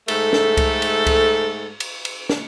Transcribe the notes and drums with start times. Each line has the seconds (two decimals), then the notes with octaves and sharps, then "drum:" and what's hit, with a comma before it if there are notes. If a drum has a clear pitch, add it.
0.08 G#2 A3 A4, drum: cymbal
0.33 drum: snare
0.57 drum: kick C2, cymbal
0.82 drum: cymbal
1.07 drum: kick C2, cymbal
1.80 drum: cymbal
2.05 drum: cymbal
2.29 drum: snare